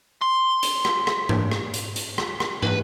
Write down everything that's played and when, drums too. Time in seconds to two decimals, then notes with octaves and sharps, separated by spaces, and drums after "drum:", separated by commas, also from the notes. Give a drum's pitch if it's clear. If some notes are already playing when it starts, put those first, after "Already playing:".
0.22 C6
0.63 drum: hi-hat
0.85 drum: rim click
1.07 drum: rim click
1.29 drum: tom
1.51 drum: rim click
1.74 drum: hi-hat
1.96 drum: hi-hat
2.18 drum: rim click
2.40 drum: rim click
2.63 B4, drum: tom